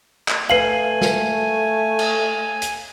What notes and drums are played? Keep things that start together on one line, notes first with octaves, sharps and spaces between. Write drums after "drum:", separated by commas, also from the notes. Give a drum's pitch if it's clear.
drum: clap
A3 B4 F5 G#5 C7 F#7
drum: snare
drum: cymbal
drum: hi-hat